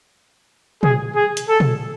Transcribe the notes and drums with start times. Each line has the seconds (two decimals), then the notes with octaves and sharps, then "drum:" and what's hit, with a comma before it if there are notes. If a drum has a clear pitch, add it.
0.83 G#4, drum: tom
1.15 G#4
1.37 drum: hi-hat
1.48 A4
1.60 drum: tom